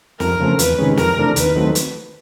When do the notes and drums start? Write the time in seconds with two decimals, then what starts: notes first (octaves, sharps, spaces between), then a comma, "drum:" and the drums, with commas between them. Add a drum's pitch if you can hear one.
0.20 F2 A#4, drum: snare
0.40 C#3 F3 A3 C4
0.59 E2 B4, drum: hi-hat
0.78 C3 D#3 G#3 C#4
0.97 F2 A#4, drum: snare
1.17 C3 E3 A3 D4
1.36 D#2 B4, drum: hi-hat
1.56 D#3 F#3 A3 C4
1.75 drum: hi-hat